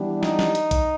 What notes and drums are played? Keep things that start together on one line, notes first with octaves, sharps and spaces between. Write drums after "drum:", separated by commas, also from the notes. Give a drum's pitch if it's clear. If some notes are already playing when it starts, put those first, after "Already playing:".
Already playing: E3 G3 B3 D4 G4
D#4, drum: snare
drum: snare
drum: hi-hat
drum: kick A#1, hi-hat